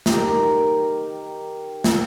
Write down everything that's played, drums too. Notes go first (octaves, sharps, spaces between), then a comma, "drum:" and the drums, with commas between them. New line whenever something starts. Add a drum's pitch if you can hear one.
D#3 G4 A#4 A#5, drum: snare
drum: snare